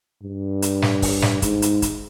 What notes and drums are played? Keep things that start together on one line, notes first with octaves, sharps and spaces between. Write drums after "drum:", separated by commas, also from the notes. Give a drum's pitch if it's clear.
G2
drum: hi-hat
drum: snare
drum: kick, open hi-hat
drum: snare
G#2, drum: kick, hi-hat
drum: hi-hat
drum: kick, hi-hat